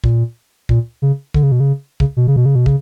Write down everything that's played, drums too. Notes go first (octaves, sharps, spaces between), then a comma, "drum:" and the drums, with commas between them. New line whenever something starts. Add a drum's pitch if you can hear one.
A#2, drum: kick
A#2, drum: kick
C#3
D3, drum: kick
C#3
B2
C#3
C#3, drum: kick
B2
C#3
B2
C#3
B2
C#3, drum: kick